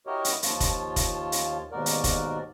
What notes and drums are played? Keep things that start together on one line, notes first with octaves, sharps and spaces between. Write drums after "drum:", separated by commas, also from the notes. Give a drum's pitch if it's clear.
E4 F#4 G4 A#4 C#5 D#5
drum: hi-hat
D#2 F3 F4 C#5 A5, drum: hi-hat
drum: kick F1, hi-hat
drum: kick F1, hi-hat
drum: hi-hat
D#2 G#2 B2 F#4 A#4 D5
drum: hi-hat
drum: kick F1, hi-hat